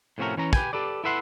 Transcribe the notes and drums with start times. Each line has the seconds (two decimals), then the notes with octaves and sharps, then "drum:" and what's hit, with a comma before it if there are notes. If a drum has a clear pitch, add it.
0.18 A2 C3 F3 C#4 F#4 A#4
0.37 E3 C#4 A#5
0.53 G4 B4 G5 G#5, drum: kick
0.73 G4 A4 B4 D5
1.04 E4 A4 B4 E5 F#5 C6